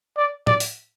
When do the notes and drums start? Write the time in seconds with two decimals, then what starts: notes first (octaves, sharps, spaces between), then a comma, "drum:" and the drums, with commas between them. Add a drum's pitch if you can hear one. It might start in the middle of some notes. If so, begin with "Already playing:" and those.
0.17 D5
0.47 D5, drum: tom A2
0.60 drum: open hi-hat